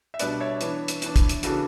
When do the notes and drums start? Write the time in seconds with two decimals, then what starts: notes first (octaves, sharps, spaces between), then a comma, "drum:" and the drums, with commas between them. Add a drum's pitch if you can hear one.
0.14 E5
0.20 B2 G3 B3 D4 B4 D5, drum: hi-hat
0.40 C#5 E5
0.61 E3 B3 D4, drum: hi-hat
0.88 drum: hi-hat
1.02 E3 B3 D4, drum: hi-hat
1.16 drum: kick, hi-hat
1.29 drum: hi-hat
1.43 C#3 E3 B3 D4 F#4 A4, drum: hi-hat